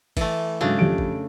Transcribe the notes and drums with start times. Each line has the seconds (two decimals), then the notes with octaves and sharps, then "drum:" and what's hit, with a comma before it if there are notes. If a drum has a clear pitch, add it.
0.17 E3 A3, drum: kick, cymbal
0.61 G#2 C#3 F#3 A3 D4
0.79 F2 G4 D7
0.98 drum: kick